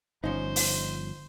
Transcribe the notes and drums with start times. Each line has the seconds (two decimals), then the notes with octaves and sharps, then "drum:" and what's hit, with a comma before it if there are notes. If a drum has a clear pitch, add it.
0.24 G1 F3 C#4 D#4 C5
0.56 drum: open hi-hat